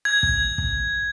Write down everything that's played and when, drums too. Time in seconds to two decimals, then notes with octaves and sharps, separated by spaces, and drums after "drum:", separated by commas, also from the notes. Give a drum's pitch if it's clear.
0.05 G#6
0.23 drum: kick
0.58 drum: kick